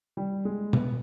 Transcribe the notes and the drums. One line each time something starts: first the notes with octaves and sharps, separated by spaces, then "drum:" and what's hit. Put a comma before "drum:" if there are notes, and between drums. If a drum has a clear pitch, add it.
G3
G#3
B3, drum: tom